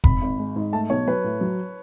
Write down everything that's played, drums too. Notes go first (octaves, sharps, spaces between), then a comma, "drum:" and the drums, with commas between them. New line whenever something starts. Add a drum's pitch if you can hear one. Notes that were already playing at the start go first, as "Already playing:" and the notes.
G#1 B5, drum: kick F1
G#1
G#3
G#2
A3 A5
B1 C#5
F#3 B4
A2
F#3